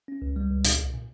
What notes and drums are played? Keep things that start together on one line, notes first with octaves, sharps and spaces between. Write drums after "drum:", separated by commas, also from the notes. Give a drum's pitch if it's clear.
C#4
C#2
G3
C#2
A#2, drum: hi-hat
C2
A#2